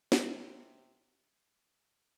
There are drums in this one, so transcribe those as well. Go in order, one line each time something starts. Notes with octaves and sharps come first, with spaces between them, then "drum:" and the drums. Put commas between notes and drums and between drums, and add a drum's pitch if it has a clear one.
C3, drum: snare